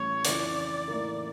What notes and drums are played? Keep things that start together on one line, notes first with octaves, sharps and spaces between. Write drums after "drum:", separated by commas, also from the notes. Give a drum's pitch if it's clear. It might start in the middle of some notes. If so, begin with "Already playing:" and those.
Already playing: A1 A2 E3 G3 C#5
F2 C#3 E3 D5, drum: hi-hat
A2 E3 A#3